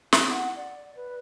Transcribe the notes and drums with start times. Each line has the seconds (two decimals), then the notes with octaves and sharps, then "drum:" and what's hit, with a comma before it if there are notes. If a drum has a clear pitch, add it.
0.13 E4, drum: snare
0.29 F#5
0.56 D5
0.96 B4